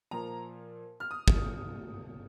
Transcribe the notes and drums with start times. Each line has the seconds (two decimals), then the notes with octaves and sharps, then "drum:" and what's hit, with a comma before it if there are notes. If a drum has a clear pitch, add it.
0.11 A#2 F3 A#5
1.00 F6
1.11 D#6
1.28 drum: kick